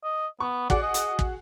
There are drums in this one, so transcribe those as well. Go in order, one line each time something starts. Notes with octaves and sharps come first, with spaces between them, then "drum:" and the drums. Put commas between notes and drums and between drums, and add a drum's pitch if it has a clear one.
D#5
B3 C#6
F#4 G#4 D5 F#5, drum: kick
D#5
drum: hi-hat
drum: kick